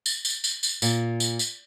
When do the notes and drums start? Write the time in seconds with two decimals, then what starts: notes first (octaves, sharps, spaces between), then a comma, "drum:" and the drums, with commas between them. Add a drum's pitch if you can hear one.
0.06 drum: tambourine
0.25 drum: tambourine
0.44 drum: tambourine
0.63 drum: tambourine
0.82 A#2, drum: tambourine
1.20 drum: tambourine
1.39 drum: tambourine